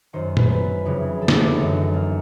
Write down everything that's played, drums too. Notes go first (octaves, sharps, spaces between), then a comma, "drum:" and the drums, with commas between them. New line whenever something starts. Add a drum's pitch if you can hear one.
F#2 D#3 C5
B4, drum: tom
B4
F2 C#3 E3
A4
D4 D#4, drum: snare
E4
F#2 D3 D#4
A#3